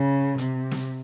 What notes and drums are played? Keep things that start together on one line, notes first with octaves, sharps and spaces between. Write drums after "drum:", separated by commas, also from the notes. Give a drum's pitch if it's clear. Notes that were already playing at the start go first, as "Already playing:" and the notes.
Already playing: C#3
C3, drum: hi-hat
drum: snare